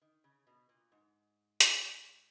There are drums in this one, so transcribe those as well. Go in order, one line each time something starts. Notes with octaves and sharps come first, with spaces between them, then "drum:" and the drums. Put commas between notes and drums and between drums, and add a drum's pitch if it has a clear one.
D#3
C#3
B2
A#2
G#2
drum: hi-hat